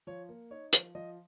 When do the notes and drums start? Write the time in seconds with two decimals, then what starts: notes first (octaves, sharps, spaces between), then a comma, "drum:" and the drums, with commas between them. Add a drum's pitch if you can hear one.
0.07 F3 C#5
0.29 A#3
0.51 D#4 C#5
0.73 F3, drum: hi-hat
0.95 F3 D#5